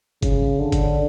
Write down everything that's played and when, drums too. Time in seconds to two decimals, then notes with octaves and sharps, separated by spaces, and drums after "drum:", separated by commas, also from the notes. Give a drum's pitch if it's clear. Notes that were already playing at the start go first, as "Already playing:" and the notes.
0.22 C#3, drum: kick G1, hi-hat
0.59 D3
0.72 drum: kick G1, hi-hat